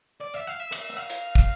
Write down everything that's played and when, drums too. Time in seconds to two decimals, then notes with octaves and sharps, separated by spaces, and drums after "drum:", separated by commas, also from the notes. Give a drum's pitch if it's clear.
0.20 D5
0.34 E5
0.47 F5
0.60 E5
0.72 E5, drum: cymbal
0.90 E5
0.97 F5
1.10 drum: hi-hat
1.35 drum: kick